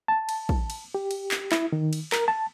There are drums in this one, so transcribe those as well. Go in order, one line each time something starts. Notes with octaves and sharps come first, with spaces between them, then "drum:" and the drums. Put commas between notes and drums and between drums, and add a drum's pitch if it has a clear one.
A5
drum: cymbal
drum: kick
drum: cymbal
G4
drum: cymbal
drum: clap
E4, drum: clap
D#3
drum: cymbal
A#4, drum: clap
A5